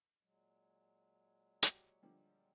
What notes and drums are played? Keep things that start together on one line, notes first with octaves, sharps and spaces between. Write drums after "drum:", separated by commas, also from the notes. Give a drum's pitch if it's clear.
A#2 F#3 G#3
F#4 G4 C#5, drum: hi-hat
D3 F3 G3